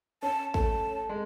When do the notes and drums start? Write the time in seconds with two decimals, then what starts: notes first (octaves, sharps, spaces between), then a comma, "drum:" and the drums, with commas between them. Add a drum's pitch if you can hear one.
0.22 C#4 A5
0.54 A3 A5, drum: kick
1.09 G#3